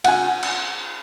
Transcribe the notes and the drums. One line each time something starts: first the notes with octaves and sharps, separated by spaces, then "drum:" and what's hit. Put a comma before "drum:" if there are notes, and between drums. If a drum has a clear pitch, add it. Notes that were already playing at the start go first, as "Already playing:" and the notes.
F#5 G#5, drum: cymbal
drum: cymbal